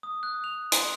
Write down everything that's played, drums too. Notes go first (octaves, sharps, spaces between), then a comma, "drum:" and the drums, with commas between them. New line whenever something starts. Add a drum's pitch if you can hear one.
D#6
F#6
F7
C6, drum: hi-hat